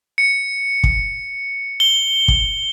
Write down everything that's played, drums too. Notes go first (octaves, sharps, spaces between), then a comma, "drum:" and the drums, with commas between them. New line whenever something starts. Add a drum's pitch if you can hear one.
C#7
drum: kick
G7
drum: kick